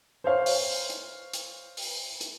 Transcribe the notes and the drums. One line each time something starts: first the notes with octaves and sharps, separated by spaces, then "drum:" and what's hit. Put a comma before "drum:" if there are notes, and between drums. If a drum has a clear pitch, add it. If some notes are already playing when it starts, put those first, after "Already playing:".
C5 C#5 F5
drum: open hi-hat
drum: hi-hat
drum: hi-hat
drum: open hi-hat
drum: hi-hat